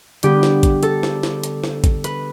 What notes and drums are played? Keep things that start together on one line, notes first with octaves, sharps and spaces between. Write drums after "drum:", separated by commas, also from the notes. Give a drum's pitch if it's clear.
D3 G3 B3 G4, drum: hi-hat
drum: snare
drum: kick, hi-hat
A4, drum: hi-hat
drum: snare
drum: snare
drum: hi-hat
drum: snare
drum: kick, hi-hat
B4, drum: hi-hat